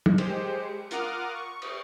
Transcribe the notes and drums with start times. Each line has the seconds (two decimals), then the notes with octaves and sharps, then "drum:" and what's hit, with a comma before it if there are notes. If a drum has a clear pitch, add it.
0.06 drum: tom
0.18 G#3 G4 C5, drum: cymbal
0.91 F4 A#4 F#5 D6 D#6 F6, drum: hi-hat
1.34 C#6
1.62 drum: cymbal